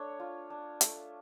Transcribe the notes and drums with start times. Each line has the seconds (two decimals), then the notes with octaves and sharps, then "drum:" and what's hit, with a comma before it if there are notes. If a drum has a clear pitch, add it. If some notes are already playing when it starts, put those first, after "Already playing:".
Already playing: A3 D4 C#5
0.20 F4
0.50 D4
0.81 A3, drum: hi-hat